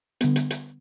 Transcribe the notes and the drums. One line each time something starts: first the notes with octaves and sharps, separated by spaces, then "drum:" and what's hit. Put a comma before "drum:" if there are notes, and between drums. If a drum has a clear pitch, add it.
D3 G3 B3, drum: hi-hat
drum: hi-hat
drum: hi-hat